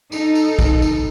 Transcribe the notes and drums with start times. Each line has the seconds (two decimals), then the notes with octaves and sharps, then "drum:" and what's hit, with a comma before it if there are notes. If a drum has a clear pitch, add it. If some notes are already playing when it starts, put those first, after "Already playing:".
0.12 D#4 A4, drum: tambourine
0.35 drum: tambourine
0.59 drum: kick, tambourine
0.82 drum: tambourine